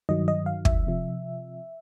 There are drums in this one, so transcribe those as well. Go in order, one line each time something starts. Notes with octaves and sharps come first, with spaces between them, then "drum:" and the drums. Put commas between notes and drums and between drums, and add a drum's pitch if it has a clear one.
G2 D#3 F#3 D#5
D#5
F5
E5, drum: kick
C3 F3